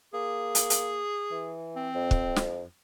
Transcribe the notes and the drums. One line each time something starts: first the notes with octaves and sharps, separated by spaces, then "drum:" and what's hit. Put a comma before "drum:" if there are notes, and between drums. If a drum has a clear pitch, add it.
A#3 G#4
drum: hi-hat
drum: hi-hat
E3
C4
F2
drum: kick
drum: snare